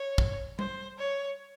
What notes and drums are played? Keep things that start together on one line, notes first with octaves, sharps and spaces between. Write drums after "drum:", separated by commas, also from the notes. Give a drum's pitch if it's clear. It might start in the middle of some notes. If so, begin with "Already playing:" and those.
Already playing: C#5
drum: kick
C5, drum: tom G3
C#5